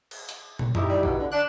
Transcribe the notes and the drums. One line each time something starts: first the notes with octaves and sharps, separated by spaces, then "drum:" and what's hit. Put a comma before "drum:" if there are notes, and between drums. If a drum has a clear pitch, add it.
drum: cymbal
drum: hi-hat
drum: tom
D#4 E4 G4, drum: tom F#2
G3
B2, drum: kick A1
D3
D4 F#6 E7